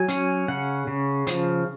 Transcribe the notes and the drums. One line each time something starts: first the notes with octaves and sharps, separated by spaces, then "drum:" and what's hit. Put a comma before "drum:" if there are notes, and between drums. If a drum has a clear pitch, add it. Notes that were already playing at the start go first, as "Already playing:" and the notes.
Already playing: F#3 G#5
C#4, drum: hi-hat
C#3 F#5
C#3
F3, drum: hi-hat